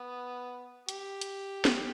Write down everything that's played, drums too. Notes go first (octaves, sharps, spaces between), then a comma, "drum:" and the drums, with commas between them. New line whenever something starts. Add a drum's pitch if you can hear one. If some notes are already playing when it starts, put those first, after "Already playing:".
Already playing: B3
G4, drum: hi-hat
drum: hi-hat
drum: snare